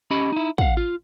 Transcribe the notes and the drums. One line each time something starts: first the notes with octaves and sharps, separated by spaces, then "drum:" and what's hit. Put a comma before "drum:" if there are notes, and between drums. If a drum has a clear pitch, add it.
C#4 G4 D#5 B5
D#4 E4
F5 F#5, drum: kick
F4